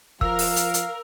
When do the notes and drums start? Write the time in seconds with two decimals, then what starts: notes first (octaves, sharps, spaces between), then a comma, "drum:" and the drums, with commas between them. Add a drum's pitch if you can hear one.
0.21 F3 A#4 F5 E6, drum: kick
0.39 drum: open hi-hat
0.56 drum: hi-hat
0.74 drum: hi-hat